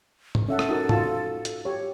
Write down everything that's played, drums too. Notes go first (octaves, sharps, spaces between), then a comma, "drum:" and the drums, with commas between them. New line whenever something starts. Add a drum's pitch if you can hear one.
drum: tom G#2
C#4 A4 E5 F#5
drum: rim click
D#4 F#4 A#4
F4 A5, drum: tom G#2
drum: hi-hat
G4 C#5